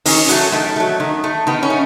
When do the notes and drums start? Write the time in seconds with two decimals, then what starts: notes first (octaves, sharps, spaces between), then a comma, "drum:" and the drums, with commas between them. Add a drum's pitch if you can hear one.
0.05 D#3 C#4, drum: open hi-hat
0.29 F#3 A3, drum: hi-hat
0.52 D#3 A3
0.76 F#3 A3
1.00 D#3
1.24 A3
1.47 D#3 B3
1.63 C#4
1.70 A3